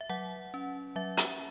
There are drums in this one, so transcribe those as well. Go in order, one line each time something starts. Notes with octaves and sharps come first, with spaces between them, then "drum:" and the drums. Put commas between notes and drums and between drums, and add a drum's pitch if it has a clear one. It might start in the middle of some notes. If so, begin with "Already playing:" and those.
E5
F#3 F#5
C#4
F#3 E5
drum: hi-hat